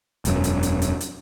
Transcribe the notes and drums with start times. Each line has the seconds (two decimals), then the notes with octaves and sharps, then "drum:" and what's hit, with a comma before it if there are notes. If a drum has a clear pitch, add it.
0.25 E1 F#2, drum: hi-hat
0.44 drum: hi-hat
0.63 drum: hi-hat
0.82 drum: hi-hat
1.01 drum: hi-hat